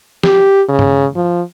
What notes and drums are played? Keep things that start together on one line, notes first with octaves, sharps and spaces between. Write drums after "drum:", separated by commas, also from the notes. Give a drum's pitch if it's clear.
G4, drum: snare
C#3
drum: tom G2
F3